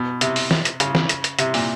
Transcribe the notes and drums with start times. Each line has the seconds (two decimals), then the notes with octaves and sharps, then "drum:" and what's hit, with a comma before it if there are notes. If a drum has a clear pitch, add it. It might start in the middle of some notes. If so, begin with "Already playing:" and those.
Already playing: B2
0.21 C3, drum: hi-hat
0.36 drum: open hi-hat
0.51 drum: snare
0.65 drum: hi-hat
0.80 C#3, drum: hi-hat
0.95 drum: snare
1.09 drum: hi-hat
1.24 drum: hi-hat
1.39 C3, drum: hi-hat
1.54 A#2, drum: open hi-hat